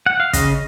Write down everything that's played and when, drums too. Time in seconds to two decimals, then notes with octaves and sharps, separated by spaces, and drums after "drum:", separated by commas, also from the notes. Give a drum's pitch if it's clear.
0.06 F#5
0.20 F5
0.33 C#3 D#5, drum: kick, hi-hat